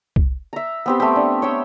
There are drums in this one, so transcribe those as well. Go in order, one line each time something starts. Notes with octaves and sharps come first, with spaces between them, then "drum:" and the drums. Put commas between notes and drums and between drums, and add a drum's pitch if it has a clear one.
drum: kick C2
E5 A#5
B3 C4 G4
A3 G4
D4
C#5 G5 E6